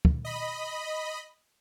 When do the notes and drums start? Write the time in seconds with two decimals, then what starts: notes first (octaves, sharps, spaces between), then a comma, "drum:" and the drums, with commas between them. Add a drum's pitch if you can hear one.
0.05 drum: kick
0.25 D#5 B5